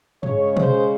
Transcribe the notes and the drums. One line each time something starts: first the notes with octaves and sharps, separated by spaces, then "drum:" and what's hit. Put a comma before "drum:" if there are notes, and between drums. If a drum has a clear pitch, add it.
C#3 G#3 C#4 C#5, drum: tom
C5, drum: tom B2